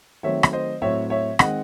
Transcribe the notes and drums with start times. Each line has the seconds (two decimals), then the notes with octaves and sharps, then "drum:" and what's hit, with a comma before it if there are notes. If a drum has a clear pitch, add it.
0.23 D#3 F#3 A3 C4 C#5 E5
0.43 drum: rim click
0.53 C5 D#5
0.82 A2 F#3 C4 C#5 E5
1.10 C#5 E5
1.39 D#3 G#3 C4 D#5 F#5, drum: rim click